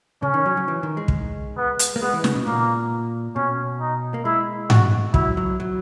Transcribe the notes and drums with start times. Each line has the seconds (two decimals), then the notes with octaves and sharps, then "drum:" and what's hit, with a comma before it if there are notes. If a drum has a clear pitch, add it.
0.23 C#3 C#4
0.34 D#3
0.46 F#3
0.57 F#3
0.68 E3
0.83 D#3
0.97 G#3
1.08 drum: kick
1.57 B3
1.79 drum: hi-hat
1.96 A#3
2.02 G#3 B3
2.14 E3
2.24 C#3, drum: snare
2.35 B2
2.46 A#2 A#3
3.36 B2 C#4
3.81 D#4
4.14 A#3
4.25 G#3 E4
4.70 F#4, drum: tom G#2
5.14 F#3 E4, drum: kick
5.37 F#3
5.60 F#3